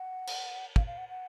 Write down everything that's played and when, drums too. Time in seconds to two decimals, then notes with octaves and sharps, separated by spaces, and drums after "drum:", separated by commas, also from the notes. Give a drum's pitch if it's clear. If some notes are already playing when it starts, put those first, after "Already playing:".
Already playing: F#5
0.27 drum: cymbal
0.76 F5, drum: kick
0.87 F5
0.98 F#5
1.09 F#5